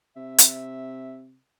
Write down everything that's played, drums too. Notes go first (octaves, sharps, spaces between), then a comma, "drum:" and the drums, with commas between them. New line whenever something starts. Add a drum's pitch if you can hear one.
C3 E5
drum: hi-hat